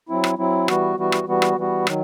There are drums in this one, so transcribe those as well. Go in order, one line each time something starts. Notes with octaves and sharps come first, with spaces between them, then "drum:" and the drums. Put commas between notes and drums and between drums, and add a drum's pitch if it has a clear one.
F#3 C4 E4
drum: rim click
F#3 C4 E4
E3 G3 B3 F#4, drum: rim click
E3 G3 B3 F#4
drum: rim click
E3 G3 B3 F#4
drum: rim click
E3 G3 B3 F#4
D#3 F#3, drum: rim click